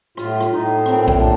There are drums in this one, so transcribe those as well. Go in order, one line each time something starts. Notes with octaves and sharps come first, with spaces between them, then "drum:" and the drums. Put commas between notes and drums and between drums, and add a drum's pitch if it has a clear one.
A2 F4, drum: rim click
drum: rim click
A2 D#4
A#2 C4, drum: rim click
drum: kick A#1
A#2 D4